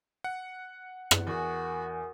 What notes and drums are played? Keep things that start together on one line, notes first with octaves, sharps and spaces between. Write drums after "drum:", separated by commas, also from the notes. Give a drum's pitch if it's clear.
F#5
drum: rim click
E2 F#4 A#4 G#5 D#6